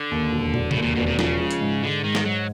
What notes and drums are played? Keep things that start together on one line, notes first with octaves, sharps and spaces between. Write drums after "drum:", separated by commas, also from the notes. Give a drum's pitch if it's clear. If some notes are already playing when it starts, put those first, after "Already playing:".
Already playing: D3
D#2
E1
E1, drum: tom
D#2 A2, drum: tom
A#2
E1 B2
C3
C#3 F3, drum: snare
G#3
drum: hi-hat
G#2
D3 G#3
G#2 D#3
drum: snare
G#2 F#3